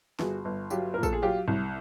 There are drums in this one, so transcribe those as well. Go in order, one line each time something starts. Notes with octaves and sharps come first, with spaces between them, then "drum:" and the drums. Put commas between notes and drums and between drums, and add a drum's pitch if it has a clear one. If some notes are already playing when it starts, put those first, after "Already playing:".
G1 F#4 G#4, drum: snare
G1
F#3 F4 G4, drum: tambourine
A#2 A#4
A4, drum: kick, tambourine
G#4
F#3 F4 G4
C2